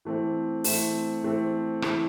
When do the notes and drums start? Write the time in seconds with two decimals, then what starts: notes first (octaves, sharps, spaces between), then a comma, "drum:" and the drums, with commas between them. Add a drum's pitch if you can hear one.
0.05 E3 A3 C4
0.64 E3 A3 C4, drum: open hi-hat
1.23 E3 A3 C4
1.82 E3 A3 C4, drum: rim click